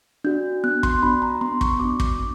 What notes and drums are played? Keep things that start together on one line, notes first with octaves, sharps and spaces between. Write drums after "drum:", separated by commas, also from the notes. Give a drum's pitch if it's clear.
D4 F#4 G6
B3 F#6
C6, drum: kick
D4 F#4 B5
A#5
B3 C6
C#6, drum: kick
D4 F#4 D6
D6, drum: kick
B3